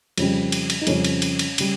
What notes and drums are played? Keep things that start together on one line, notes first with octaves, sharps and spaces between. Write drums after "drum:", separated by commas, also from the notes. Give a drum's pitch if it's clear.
F2 C#3 G3, drum: cymbal
drum: cymbal
drum: cymbal
D#4
F2 C#3 G3 C#4, drum: cymbal
drum: cymbal
drum: cymbal
drum: cymbal
C#3 G3, drum: cymbal